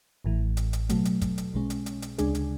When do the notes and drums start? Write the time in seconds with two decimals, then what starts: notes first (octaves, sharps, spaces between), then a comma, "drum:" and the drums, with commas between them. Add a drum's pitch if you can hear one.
0.24 A1 A2 E3
0.57 drum: hi-hat
0.73 drum: hi-hat
0.89 B2 F#3 A3, drum: hi-hat
1.05 drum: hi-hat
1.21 drum: kick, hi-hat
1.38 drum: hi-hat
1.54 B1 B2 G#3 C#4
1.70 drum: hi-hat
1.86 drum: hi-hat
2.02 drum: hi-hat
2.18 D2 C#3 G#3 D4 G#4, drum: hi-hat
2.35 drum: hi-hat